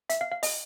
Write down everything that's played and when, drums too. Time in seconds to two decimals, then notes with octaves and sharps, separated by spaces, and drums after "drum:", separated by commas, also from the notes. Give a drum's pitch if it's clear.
0.10 E5, drum: hi-hat
0.21 F5
0.32 F5
0.43 D#5, drum: open hi-hat